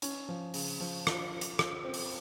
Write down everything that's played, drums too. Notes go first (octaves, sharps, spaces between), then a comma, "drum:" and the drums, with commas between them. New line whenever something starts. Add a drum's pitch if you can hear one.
C#4, drum: hi-hat
F3
C#3, drum: open hi-hat
F3
F4, drum: rim click
F4
drum: hi-hat
F4, drum: rim click
C4
drum: open hi-hat